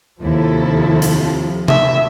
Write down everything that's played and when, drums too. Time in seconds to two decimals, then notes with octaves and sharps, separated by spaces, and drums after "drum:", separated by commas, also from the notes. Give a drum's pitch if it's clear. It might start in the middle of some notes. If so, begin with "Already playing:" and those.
0.21 D#2 C3 F3 E4 A4
1.02 drum: hi-hat
1.68 E5, drum: tom C3